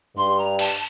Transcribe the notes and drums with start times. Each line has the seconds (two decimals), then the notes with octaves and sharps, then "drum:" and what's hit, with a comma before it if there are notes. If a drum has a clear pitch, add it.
0.16 G2 C6
0.38 A#5
0.59 A5, drum: open hi-hat